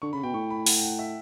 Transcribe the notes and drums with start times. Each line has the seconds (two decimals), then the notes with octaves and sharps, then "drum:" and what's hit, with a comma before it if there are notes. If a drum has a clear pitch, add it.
0.02 D3 C#6
0.13 C#3 B5
0.23 B2 G5
0.34 A2 C#6
0.50 B5
0.66 F#5, drum: open hi-hat
0.75 G5
0.83 F#5
0.99 E5